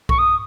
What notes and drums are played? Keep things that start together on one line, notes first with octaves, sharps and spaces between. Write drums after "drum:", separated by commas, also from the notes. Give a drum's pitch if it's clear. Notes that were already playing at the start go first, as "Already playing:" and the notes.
C#6, drum: kick B1
D#6